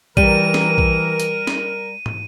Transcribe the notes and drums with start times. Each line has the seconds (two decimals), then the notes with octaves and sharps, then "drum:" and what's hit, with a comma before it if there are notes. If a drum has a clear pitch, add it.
0.17 E3 G3 A#4 D#7, drum: kick
0.54 drum: snare
0.78 drum: kick
1.20 drum: hi-hat
1.47 drum: snare
2.06 drum: tom